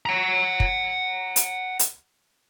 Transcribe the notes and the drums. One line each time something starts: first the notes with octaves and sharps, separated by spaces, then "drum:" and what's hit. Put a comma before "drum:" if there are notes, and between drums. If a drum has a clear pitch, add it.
F#5 A#5
drum: kick
drum: hi-hat
drum: hi-hat